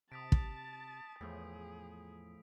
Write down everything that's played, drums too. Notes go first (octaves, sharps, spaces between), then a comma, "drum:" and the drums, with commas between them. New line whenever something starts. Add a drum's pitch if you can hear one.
C3 A5 D#6 A6 B6 D7
drum: kick
E2 A2 F3 G#4